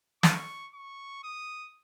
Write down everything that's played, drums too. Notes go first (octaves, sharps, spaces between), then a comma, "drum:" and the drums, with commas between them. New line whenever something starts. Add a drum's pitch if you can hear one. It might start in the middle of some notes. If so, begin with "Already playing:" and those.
C#6, drum: snare
C#6
D#6